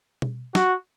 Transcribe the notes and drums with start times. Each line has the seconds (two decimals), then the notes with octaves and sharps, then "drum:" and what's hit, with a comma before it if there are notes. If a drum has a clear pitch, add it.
0.22 drum: tom B2
0.55 F#4, drum: snare